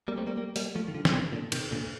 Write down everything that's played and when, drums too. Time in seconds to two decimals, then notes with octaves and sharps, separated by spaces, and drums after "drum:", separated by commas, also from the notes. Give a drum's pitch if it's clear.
0.08 G3 A#3
0.17 A3 C4
0.27 G3 A#3
0.37 G3 A#3
0.56 G3 A#3, drum: open hi-hat
0.75 F3 A3
0.88 D#3
0.94 D3 F3
1.05 D3, drum: snare
1.14 C3 D#3
1.32 A#2 D3
1.52 C3 D#3, drum: cymbal
1.71 A#2 D3